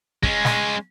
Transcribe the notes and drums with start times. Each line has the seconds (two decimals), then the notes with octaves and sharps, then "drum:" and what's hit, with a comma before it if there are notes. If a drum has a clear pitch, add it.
0.23 G#3 C#4, drum: kick
0.45 drum: snare